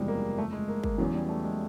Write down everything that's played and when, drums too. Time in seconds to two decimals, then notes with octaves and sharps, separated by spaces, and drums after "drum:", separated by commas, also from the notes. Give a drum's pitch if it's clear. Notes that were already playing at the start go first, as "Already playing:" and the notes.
Already playing: F#1 E2 C3 F3 G3 G#3
0.08 A#3
0.38 A3
0.53 G#3
0.68 A#3
0.84 A#3, drum: kick
0.98 E2 C#3 E3 F#3
1.13 G3
1.29 A3
1.44 G#3